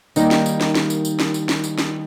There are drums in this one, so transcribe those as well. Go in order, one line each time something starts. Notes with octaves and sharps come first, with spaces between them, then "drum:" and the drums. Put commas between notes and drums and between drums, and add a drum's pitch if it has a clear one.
D#3 G3 A#3 D#4, drum: tambourine
drum: snare
drum: tambourine
drum: snare
drum: snare
drum: tambourine
drum: tambourine
drum: snare
drum: tambourine
drum: snare
drum: tambourine
drum: snare